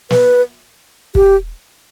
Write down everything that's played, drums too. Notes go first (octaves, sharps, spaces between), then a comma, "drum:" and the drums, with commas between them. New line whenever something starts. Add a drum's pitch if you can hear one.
B4, drum: snare
G4, drum: kick